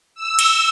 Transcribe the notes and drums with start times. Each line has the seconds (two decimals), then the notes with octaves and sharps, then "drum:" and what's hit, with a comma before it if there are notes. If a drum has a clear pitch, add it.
0.15 E6
0.39 drum: cymbal